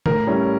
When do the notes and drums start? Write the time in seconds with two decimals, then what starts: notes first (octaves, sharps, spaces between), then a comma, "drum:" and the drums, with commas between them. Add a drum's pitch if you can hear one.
0.06 A2 A#4, drum: tom D3
0.27 G3 C#4 E4